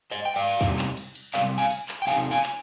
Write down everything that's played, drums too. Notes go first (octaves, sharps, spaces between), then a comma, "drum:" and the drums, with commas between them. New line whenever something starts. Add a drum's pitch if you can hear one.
C5 D#5
G5
D5 F5
C3 G3 C4 D#4, drum: kick
drum: clap
drum: cymbal
drum: cymbal
C3 G3 C4 D5 F5, drum: clap
F5 G#5
drum: cymbal
drum: clap
G5
C3 G3 C4 D#4 F5 G#5, drum: cymbal
F5 G#5
drum: clap